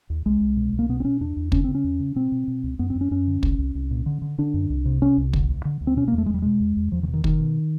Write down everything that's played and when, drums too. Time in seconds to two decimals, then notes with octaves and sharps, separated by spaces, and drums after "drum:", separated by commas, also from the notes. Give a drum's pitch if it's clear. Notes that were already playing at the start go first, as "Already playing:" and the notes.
0.10 D#2
0.26 C2 G#3
0.41 C2
0.57 B2
0.73 C2
0.79 A#3
0.89 B2 B3
1.00 C4
1.05 B2 C#4
1.21 E2 D4
1.37 E2
1.52 C#3 C#4, drum: kick
1.64 C#3 C4
1.75 C#4
1.84 E2
2.00 C#3
2.16 B2 C4
2.32 B2
2.48 B2
2.63 C#2
2.79 F#2 B3
2.90 C4
2.95 F#2
3.01 C#4
3.11 F#2 C#4
3.27 D3
3.43 C2, drum: kick
3.58 C2
3.75 C2
3.91 A#2
4.06 D3
4.22 D3
4.38 D3 D4
4.54 F#2
4.70 C2
4.85 C3
5.02 C3 C#4
5.17 C2
5.33 D3, drum: kick
5.49 D2
5.65 D3
5.81 D2
5.87 C4
5.96 B2 C#4
6.08 A#3
6.13 E2
6.18 A3
6.26 G#3
6.29 E2 G3
6.42 B2 G#3
6.60 E2
6.77 E2
6.92 E2 F3
7.03 D#3
7.08 B2
7.14 D#3
7.24 B2 D#3, drum: kick
7.40 B2